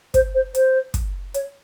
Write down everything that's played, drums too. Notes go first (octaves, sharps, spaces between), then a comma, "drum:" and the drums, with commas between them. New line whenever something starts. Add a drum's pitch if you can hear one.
C5, drum: kick, hi-hat
C5
C5, drum: hi-hat
drum: kick, hi-hat
C#5, drum: hi-hat